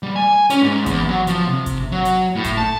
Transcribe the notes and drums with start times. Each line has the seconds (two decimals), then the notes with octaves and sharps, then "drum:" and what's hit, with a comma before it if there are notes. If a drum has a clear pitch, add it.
0.03 G3
0.16 G#5
0.50 C#4, drum: hi-hat
0.62 G#2
0.86 E2, drum: kick G1, hi-hat
1.08 F#3
1.27 F3, drum: hi-hat
1.47 C3
1.66 drum: kick G1, hi-hat
1.92 F#3
2.05 drum: hi-hat
2.35 A2
2.44 drum: kick G1, hi-hat
2.57 A5